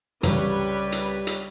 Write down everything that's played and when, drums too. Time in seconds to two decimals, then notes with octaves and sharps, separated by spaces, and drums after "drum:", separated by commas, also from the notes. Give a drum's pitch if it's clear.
0.23 C2 F#2 C#3 E3 G3 B4 C#5, drum: hi-hat
0.92 drum: hi-hat
1.27 drum: hi-hat